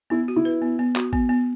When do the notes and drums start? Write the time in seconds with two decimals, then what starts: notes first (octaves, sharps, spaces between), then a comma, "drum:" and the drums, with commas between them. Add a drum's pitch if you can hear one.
0.10 B3 E4
0.28 F#4
0.36 E4
0.45 B4
0.62 B3
0.79 B3
0.96 F#4, drum: clap
1.13 B3, drum: kick G#1
1.29 B3